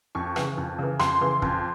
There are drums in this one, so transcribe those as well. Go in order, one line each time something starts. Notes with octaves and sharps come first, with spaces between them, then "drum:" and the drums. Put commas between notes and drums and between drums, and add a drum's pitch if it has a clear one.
F2 C#6
C#3 E3, drum: rim click
F2
C#3 E3
F2 C6, drum: rim click
C#3 E3
F2, drum: kick